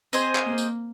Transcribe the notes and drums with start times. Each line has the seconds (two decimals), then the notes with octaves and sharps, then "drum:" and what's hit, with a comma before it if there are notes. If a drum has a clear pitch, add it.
0.13 C4 G#4 C5 D#5, drum: tambourine
0.35 drum: clap
0.46 A#3
0.58 drum: tambourine